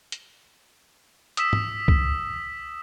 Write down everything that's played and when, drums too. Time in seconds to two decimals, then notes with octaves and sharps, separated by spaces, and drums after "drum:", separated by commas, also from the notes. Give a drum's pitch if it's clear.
0.12 drum: hi-hat
1.37 D#6 E6 B6 E7, drum: hi-hat
1.53 drum: tom
1.88 drum: kick C2